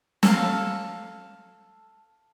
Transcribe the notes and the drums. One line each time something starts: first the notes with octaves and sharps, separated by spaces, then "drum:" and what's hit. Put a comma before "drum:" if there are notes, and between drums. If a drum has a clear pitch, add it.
A4 F5, drum: snare